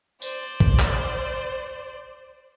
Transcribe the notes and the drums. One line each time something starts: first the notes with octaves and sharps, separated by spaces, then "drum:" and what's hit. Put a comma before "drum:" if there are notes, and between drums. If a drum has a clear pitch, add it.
C5 D5, drum: tambourine
drum: kick
drum: clap